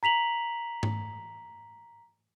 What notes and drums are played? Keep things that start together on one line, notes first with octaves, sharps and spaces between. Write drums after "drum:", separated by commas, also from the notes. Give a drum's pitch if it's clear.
A#5 B6 F7 F#7
drum: tom G#2